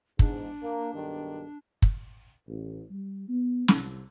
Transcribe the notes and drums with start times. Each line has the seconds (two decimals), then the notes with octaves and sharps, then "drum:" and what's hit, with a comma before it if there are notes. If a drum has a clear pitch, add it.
0.19 E2 G#2 D4, drum: kick
0.62 A#3
0.93 B1 G2 D#3
1.82 drum: kick
2.48 A1
2.91 G3
3.29 B3
3.68 C2, drum: snare